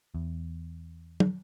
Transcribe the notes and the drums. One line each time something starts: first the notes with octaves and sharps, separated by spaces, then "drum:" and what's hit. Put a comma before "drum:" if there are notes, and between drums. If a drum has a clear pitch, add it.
E2
drum: tom